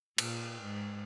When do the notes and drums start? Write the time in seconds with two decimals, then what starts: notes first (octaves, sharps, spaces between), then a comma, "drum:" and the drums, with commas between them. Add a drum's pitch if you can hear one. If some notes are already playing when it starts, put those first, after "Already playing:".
0.18 A#2, drum: cymbal
0.62 G#2